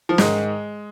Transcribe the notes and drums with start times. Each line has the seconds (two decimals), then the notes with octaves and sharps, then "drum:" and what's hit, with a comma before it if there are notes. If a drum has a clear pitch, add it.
0.09 F3
0.18 G#2 D#3 G#3, drum: snare